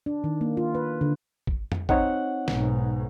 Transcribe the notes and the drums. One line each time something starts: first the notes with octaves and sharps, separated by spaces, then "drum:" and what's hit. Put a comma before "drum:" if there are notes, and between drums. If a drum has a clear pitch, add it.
D4
D#3
A#3
F4
B4
D3
drum: kick
drum: tom F2
C4 D#4 C#5 F#5, drum: kick
B1 G#2, drum: snare